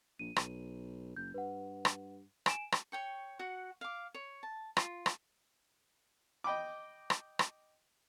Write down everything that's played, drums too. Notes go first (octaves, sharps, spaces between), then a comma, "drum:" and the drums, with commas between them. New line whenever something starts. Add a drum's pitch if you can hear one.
A#1 D#7
B1, drum: rim click
F#1 G6
G2 B4 F#5
drum: rim click
G#5 D7 E7, drum: rim click
drum: rim click
C#5 G5 C#6
F#4 F#5
F5 D6
C#5
A5
F4, drum: rim click
drum: rim click
D#5 G5 B5 D6
drum: rim click
drum: rim click